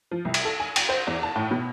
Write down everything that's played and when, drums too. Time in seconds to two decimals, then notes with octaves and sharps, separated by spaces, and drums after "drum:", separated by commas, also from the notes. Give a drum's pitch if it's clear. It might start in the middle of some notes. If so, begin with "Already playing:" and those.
0.11 F3
0.25 C2
0.34 drum: cymbal
0.45 A4
0.60 G#5
0.76 G5, drum: cymbal
0.89 C5
1.07 E2
1.23 A5
1.36 A2
1.51 B2